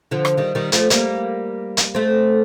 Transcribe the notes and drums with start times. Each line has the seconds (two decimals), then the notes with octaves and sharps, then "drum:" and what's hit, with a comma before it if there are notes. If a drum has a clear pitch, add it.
0.11 D3 F3
0.25 drum: rim click
0.37 D#3 G3
0.55 D#3 G3
0.72 F3 A3, drum: hi-hat
0.90 G3 A#3, drum: hi-hat
1.77 drum: hi-hat
1.95 A3 C4